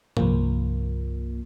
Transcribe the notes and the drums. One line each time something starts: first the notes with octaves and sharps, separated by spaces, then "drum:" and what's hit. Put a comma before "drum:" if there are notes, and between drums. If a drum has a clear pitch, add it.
C2 G2 F3 A#3, drum: tom